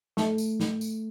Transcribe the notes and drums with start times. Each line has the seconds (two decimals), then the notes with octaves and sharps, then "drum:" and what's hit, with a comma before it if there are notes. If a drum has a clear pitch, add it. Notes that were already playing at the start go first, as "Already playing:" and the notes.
0.17 A3, drum: snare
0.38 drum: tambourine
0.60 drum: snare
0.81 drum: tambourine